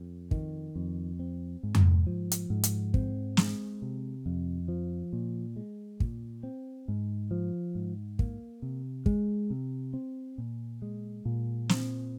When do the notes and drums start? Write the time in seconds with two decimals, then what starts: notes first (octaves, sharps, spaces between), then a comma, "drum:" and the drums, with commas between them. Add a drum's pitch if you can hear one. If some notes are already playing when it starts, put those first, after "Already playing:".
Already playing: F2
0.31 D#3, drum: kick
0.75 F2
1.19 C4
1.63 G#2
1.75 drum: tom F2
2.07 F3
2.32 drum: hi-hat
2.50 G#2
2.63 drum: hi-hat
2.94 C4, drum: kick
3.37 G#3, drum: snare
3.82 C3
4.26 F2
4.68 F3
5.13 A#2
5.56 G#3
6.00 A#2, drum: kick
6.43 C4
6.88 G#2
7.31 F3
7.75 G#2
8.19 A#3, drum: kick
8.62 C3
9.06 G#3, drum: kick
9.50 C3
9.93 C4
10.38 A#2
10.82 G#3
11.25 A#2
11.69 C4, drum: snare